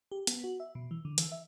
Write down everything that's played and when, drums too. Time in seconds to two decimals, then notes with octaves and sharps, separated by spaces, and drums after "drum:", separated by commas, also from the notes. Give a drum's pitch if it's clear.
0.12 G4
0.27 B3, drum: hi-hat
0.44 F#4
0.60 E5
0.75 B2
0.91 E3
1.05 D3
1.18 E3, drum: hi-hat
1.32 E5